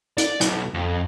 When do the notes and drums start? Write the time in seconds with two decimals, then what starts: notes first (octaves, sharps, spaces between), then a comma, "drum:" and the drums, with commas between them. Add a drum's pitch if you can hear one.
0.18 D5, drum: hi-hat
0.41 B1, drum: hi-hat
0.74 F2